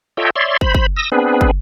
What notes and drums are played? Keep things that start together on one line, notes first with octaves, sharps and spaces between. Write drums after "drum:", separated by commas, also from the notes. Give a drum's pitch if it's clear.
F4 A4 C#5 D#5 E5 G5
C#5 D5 E5 C6
C5 B5, drum: kick
drum: kick
D#6 E6 A#6
B3 C4 D4 G#4 B4
drum: kick